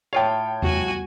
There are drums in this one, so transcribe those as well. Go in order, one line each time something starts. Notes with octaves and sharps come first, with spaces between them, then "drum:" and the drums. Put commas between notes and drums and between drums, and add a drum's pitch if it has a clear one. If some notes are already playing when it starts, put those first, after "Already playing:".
A2 F4 C#5 F5 G5
F#4 G#5, drum: tom E2